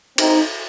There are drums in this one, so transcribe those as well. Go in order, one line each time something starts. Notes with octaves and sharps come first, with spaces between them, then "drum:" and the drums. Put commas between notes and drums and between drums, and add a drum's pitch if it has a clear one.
C4 D#4, drum: cymbal